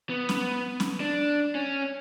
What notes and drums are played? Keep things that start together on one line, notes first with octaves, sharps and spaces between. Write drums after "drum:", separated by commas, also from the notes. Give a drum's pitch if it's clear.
B3
drum: snare C#4
drum: snare C#4
D4
C#4